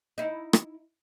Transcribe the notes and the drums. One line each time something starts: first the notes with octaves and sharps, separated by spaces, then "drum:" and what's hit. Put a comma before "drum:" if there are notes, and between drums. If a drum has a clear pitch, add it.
D#4 E4
drum: rim click